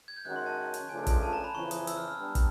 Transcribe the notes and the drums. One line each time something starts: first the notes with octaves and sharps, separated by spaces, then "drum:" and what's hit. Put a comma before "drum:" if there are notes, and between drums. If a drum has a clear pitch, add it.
G#6
G6
F#2 D#3 G#3 C#4 F#4 F#6
C6
A5
drum: hi-hat
C#2 C#3 F3 A3 D4 G#5
G#5, drum: kick, hi-hat
A5
A#5
B5
F2 C#3 E3 C#6
D#6, drum: hi-hat
E6, drum: hi-hat
F6
F6
G3 B3 D4
drum: kick, hi-hat